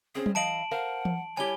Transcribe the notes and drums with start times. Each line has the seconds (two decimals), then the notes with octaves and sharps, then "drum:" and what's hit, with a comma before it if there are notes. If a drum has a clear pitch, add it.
0.15 C4 C#4 G#4 C5
0.26 drum: tom F#3
0.35 E3 D#5 F5 A5 D7 F#7
0.71 A#4 C5 F5 F#5
1.05 drum: tom E3
1.37 G3 E4 G4 C#5 G#5 G7